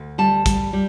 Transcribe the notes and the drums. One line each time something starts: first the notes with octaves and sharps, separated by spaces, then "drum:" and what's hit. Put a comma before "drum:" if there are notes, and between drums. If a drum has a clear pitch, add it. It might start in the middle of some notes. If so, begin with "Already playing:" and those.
Already playing: D2
G3 A5
G3, drum: kick, hi-hat
G3